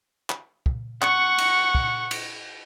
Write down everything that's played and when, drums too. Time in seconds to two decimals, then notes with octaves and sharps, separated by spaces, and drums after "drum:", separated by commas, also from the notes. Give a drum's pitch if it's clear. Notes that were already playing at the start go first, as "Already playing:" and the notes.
0.30 drum: clap
0.66 drum: kick
1.02 F#5 C#6, drum: clap
1.38 drum: cymbal
1.75 drum: kick
2.11 drum: cymbal